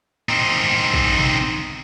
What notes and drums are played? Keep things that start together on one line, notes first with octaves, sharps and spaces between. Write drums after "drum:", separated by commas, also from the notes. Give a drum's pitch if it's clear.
C4 D#4
drum: kick
drum: tom B2